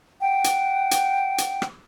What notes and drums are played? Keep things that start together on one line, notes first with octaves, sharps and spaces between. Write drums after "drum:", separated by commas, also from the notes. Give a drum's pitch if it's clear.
F#5 G5
drum: hi-hat
drum: hi-hat
drum: hi-hat
drum: rim click